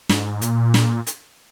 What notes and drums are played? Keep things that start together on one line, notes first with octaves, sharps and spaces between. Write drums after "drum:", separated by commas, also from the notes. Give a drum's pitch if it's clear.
G#2, drum: snare
A#2, drum: hi-hat
drum: snare
drum: hi-hat